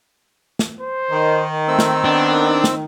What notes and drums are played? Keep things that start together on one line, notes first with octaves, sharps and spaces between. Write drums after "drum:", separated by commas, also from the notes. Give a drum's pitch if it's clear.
drum: snare
C5
D#3
A3 C4 E6
drum: snare
B3 D4
drum: snare